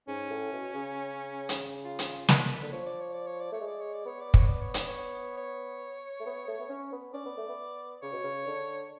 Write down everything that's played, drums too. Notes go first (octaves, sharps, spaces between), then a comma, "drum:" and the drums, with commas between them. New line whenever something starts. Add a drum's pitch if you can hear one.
G#2 C#4
A2
B2
C#3
drum: hi-hat
F4
drum: hi-hat
B4, drum: snare
D3
F3 C#5
D5
C#5
D5
C#5
D5
A3 C#5
G#3
D5
C#5
D5
B3 C#5
D5
C#5, drum: kick
D5
C#5
D5, drum: hi-hat
C#5
C#5
A3
B3
A3
B3
C#4
B3
C#4 D5
B3
A3
B3
C#3 C#5
B2
C#3
D3